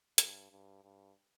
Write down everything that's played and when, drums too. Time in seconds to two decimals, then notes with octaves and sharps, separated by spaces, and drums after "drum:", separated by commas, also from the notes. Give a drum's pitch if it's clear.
0.18 G2, drum: hi-hat
0.51 G2
0.84 G2